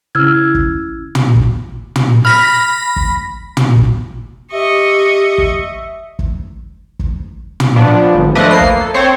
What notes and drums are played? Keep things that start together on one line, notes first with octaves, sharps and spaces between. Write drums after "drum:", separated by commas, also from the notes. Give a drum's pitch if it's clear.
C#3 C#4 E4 E6 F6 G#6
drum: kick
drum: tom
drum: kick
drum: tom
B5 F6 A#6 B6
drum: kick
drum: tom
drum: kick
G4 D#5 E5 C#6
drum: kick
drum: kick
drum: kick
drum: tom
F3 B3 D4
G#1
F3 A3 D4 B4 D#5
A#3 C7
drum: kick
A4
C4 C5 C#5